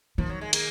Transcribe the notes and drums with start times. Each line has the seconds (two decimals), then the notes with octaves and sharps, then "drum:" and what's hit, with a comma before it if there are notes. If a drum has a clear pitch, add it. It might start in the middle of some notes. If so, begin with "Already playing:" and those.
0.18 D#3 F3
0.29 F#3
0.41 G#3
0.53 A#3, drum: cymbal